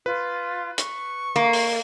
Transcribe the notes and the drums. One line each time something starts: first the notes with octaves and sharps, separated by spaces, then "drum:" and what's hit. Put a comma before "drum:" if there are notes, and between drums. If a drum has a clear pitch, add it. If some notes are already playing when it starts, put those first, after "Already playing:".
F4 B4
C#6, drum: hi-hat
A#3
drum: open hi-hat